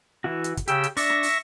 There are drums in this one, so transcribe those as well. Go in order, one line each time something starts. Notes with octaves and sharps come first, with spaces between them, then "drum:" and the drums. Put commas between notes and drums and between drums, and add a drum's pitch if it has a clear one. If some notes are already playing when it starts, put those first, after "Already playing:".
E3 E4 F#4
drum: hi-hat
drum: kick, hi-hat
C#3 G4 G5 E6, drum: hi-hat
drum: hi-hat
D4 D5 E5 C#6 A#6, drum: open hi-hat
drum: snare
drum: open hi-hat